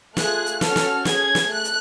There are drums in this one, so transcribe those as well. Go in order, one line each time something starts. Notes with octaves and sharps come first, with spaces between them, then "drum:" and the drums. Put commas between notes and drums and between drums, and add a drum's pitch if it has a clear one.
A3 F4 G#4 F#6, drum: snare
drum: hi-hat
C#4 F#4 A4 F6, drum: snare
drum: snare
C#4 G#4 G#6, drum: snare
drum: snare
A3 F#6
drum: hi-hat